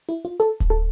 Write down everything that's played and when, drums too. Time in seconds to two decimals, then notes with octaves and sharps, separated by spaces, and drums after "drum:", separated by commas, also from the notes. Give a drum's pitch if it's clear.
0.09 E4
0.25 F4
0.40 A4, drum: hi-hat
0.60 drum: kick D1, hi-hat
0.70 A4